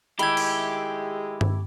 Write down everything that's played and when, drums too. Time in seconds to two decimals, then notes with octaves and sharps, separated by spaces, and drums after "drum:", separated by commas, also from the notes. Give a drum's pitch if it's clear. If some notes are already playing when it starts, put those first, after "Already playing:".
0.19 D#3 G#3 A3 E4 G4 B5 G#6, drum: hi-hat
0.37 drum: cymbal
1.41 drum: tom G2